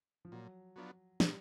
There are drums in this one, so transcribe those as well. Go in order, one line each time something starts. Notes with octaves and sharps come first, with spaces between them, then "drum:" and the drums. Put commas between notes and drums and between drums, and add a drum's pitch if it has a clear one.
F3
A#2 F#3
F#3 B3 D4 F4
A#2 G3, drum: snare